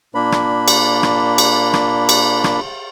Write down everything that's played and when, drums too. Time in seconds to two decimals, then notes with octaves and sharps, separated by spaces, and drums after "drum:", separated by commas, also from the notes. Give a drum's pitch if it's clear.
0.15 A#2 A#3 D4 B5
0.32 drum: rim click
0.68 drum: cymbal
1.03 drum: rim click
1.38 drum: cymbal
1.74 drum: rim click
2.09 drum: cymbal
2.44 drum: rim click